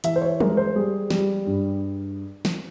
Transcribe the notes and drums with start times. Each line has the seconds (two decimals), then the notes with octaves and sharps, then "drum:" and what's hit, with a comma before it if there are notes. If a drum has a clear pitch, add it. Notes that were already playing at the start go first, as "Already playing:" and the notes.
0.04 E3 E5, drum: hi-hat
0.16 C5
0.22 C#5
0.40 G#3 A#4, drum: tom F3
0.57 C5
0.76 G3 G#4
1.10 G3, drum: snare
1.47 G2
2.45 drum: snare